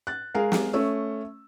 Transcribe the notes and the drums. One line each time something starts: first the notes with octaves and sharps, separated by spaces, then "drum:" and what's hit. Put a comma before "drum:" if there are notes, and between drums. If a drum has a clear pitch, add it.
F#6 A6
G#3 G#4 A#4 F5
drum: snare
A3 C#4 E6